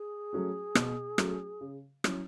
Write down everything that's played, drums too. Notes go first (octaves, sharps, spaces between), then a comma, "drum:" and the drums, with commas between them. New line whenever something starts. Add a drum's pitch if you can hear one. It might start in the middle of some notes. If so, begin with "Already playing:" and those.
Already playing: G#4
F#3 A3 C#4 F#4
B2, drum: rim click
F#3 A3 C#4 F#4, drum: rim click
C#3
F#3 C#4 E4, drum: rim click